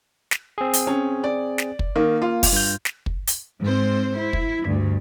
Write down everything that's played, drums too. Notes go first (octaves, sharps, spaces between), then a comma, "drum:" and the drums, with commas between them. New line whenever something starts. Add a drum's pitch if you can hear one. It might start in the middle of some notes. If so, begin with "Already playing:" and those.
drum: snare
C4 G#4
drum: hi-hat
C#4
D5
drum: snare
drum: kick
D#3 A#3
F4
drum: kick, open hi-hat
G2 G6
drum: snare
drum: kick
drum: hi-hat
G#2 C4 C5
E4
drum: kick
D2 G2